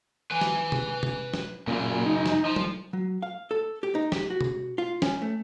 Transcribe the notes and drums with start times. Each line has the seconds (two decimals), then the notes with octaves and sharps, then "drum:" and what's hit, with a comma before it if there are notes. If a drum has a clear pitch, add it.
0.31 B4 G#5
0.41 drum: snare
0.72 drum: tom B2
1.03 drum: tom B2
1.34 drum: snare
1.67 F#2 A#2 C#3
2.06 D#4
2.26 drum: snare
2.45 F3
2.56 drum: tom F#3
2.93 F#3
3.22 F5
3.51 A4
3.83 G4
3.95 D#4
4.12 G4, drum: snare
4.30 F#4
4.41 drum: tom B2
4.78 F4
5.02 C#4, drum: snare
5.22 A3